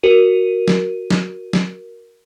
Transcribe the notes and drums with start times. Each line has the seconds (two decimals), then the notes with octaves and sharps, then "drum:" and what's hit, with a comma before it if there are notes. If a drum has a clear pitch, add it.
0.03 F#4 A#4 D#7
0.68 drum: snare
1.10 drum: snare
1.53 drum: snare